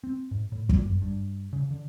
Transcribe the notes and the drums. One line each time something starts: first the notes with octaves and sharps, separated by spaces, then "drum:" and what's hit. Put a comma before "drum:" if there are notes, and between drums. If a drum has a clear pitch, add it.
C4
G#2
A2
G3, drum: kick
F#2
G2
C#3
D3